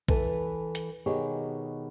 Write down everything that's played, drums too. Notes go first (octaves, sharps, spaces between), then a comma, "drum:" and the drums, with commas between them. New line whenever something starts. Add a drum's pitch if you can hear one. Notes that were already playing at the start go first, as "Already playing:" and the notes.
E3 A4 B4, drum: kick A#1
drum: hi-hat
B2 D#3 G4 G#4 C#5